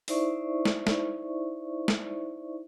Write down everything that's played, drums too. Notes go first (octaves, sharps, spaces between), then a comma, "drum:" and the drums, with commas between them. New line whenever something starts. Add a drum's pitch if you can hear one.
D#4 E4 C5 D5 E5 C#6, drum: open hi-hat
drum: snare
drum: snare
drum: snare